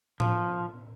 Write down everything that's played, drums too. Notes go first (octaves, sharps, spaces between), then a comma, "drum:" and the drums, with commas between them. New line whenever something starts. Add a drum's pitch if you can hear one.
F3, drum: tom A2